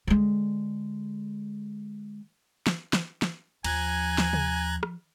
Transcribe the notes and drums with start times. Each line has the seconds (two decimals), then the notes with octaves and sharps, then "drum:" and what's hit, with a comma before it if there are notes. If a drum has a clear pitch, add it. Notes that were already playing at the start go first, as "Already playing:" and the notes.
0.07 D3 G#3
2.67 drum: snare
2.93 drum: snare
3.22 drum: snare
3.64 D#2 F3 G#5 A#5 F#6 G#6, drum: cymbal
4.18 drum: snare
4.33 drum: tom C3
4.83 drum: rim click